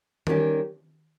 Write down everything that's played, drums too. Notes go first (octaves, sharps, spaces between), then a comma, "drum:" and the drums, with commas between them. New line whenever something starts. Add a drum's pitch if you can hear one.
D#3 G3 C#4 G4, drum: tom D#3